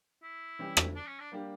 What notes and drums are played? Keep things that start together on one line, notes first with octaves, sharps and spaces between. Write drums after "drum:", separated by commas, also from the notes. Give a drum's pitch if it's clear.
E4
E3 G3 C#4 G4
drum: rim click
D4
C#4
D4
G3 A#3 D4 G4